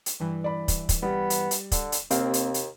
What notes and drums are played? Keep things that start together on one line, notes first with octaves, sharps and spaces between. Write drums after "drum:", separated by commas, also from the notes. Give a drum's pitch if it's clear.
drum: hi-hat
G2 E3
D5 B5
drum: kick, hi-hat
drum: kick, hi-hat
G3 B3
drum: hi-hat
drum: hi-hat
D3, drum: kick, hi-hat
drum: hi-hat
D#2 C3 A#3 C4 F5, drum: hi-hat
drum: hi-hat
drum: hi-hat